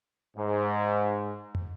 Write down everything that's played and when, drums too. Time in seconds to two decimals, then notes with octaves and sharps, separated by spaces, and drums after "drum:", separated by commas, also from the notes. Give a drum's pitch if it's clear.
0.37 G#2
1.55 drum: tom